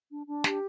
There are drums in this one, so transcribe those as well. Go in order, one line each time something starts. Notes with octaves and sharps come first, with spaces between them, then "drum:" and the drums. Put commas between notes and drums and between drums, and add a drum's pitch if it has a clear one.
D4
D4
G4, drum: snare